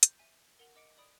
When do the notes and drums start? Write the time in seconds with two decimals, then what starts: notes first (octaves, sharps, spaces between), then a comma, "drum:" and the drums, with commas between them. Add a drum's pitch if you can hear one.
0.03 G6, drum: hi-hat
0.19 E5 G#5
0.59 A#4 F#5 F7 F#7
0.76 D#5 D6 C#7 D7
0.98 D5 B5 D#6 D7